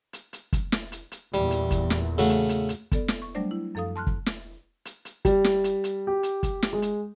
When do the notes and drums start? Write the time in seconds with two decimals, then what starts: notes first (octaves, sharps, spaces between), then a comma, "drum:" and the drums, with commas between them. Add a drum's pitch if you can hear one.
0.13 drum: hi-hat
0.33 drum: hi-hat
0.53 drum: kick, hi-hat
0.72 drum: snare
0.92 drum: hi-hat
1.12 drum: hi-hat
1.34 E2 A#2 G3, drum: hi-hat
1.51 drum: hi-hat
1.71 drum: kick, hi-hat
1.90 drum: snare
2.18 C#3 A3 F#4
2.30 drum: hi-hat
2.49 drum: hi-hat
2.69 drum: hi-hat
2.92 B3 A4 D5, drum: kick, hi-hat
3.08 drum: snare
3.22 C#6
3.35 F#3 G3 A3 D4 C5 D5
3.51 E4
3.75 F#2 F3 A4 F5 D#6
3.96 A5 C6 F6 F#6
4.07 drum: kick
4.26 drum: snare
4.85 drum: hi-hat
5.05 drum: hi-hat
5.25 G3, drum: kick, hi-hat
5.44 drum: snare
5.64 drum: hi-hat
5.84 drum: hi-hat
6.07 G4
6.23 drum: hi-hat
6.43 drum: kick, hi-hat
6.62 drum: snare
6.73 G#3
6.82 drum: hi-hat